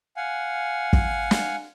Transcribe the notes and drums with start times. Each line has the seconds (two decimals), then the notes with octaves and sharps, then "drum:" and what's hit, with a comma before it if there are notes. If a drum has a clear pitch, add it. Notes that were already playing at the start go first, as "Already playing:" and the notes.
0.17 F5 F#5 G#5
0.93 drum: kick
1.31 drum: snare